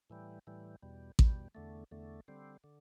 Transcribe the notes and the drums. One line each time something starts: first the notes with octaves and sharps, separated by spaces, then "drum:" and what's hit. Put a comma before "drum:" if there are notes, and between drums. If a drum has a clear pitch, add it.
A2 E3 G3
A2 E3 G3
E2 B2 G3
E2 B2 G3, drum: kick A1
E2 D3 A3
E2 D3 A3
D3 G3 C4
D3